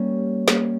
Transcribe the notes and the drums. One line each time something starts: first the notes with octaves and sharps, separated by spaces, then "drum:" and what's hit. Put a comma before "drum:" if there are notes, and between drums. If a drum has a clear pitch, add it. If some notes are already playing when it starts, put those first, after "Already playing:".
Already playing: G3 A#3 C#4
G3 A#3 C#4, drum: snare